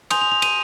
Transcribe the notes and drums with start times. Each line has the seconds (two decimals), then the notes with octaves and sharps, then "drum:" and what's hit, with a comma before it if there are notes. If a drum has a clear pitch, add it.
0.10 G#5 C6 D#6 G6 F7, drum: cymbal
0.22 F7
0.32 F7
0.42 D#7, drum: cymbal